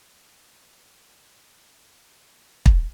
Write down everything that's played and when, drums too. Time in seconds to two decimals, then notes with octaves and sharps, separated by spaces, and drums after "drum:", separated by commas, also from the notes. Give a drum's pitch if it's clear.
0.23 B2 E3 G3 B3 A#4 F#5 A#5 C6
0.57 D4 F4 F#4 G#6
1.33 A2 D3 E4 C#6
1.86 B3 G4 D5 D#5 F5
2.66 drum: kick